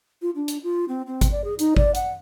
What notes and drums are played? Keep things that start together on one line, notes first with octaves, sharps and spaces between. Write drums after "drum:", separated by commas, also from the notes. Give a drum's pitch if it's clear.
F4
D4
drum: hi-hat
F4
C4
C4
drum: kick G#1, hi-hat
D5
G#4
D#4, drum: hi-hat
D5, drum: kick G#1
F#5, drum: hi-hat